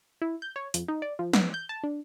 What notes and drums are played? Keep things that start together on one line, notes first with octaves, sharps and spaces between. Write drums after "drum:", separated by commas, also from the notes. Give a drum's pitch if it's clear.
E4
G6
C#5
F2, drum: hi-hat
D#4
D5
F3
B3, drum: snare
G6
A5
D4